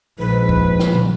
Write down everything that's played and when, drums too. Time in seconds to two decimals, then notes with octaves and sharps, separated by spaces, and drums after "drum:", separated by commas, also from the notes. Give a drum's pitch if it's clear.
0.19 A#1 G#2 F3 B4
0.49 drum: kick
0.79 drum: snare
0.95 drum: tom